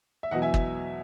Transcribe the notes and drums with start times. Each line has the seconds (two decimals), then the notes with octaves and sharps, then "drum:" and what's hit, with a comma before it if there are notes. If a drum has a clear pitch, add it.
0.23 E5
0.31 E2 B2 F#3 D#5 F#5
0.42 E5 G#5
0.54 drum: kick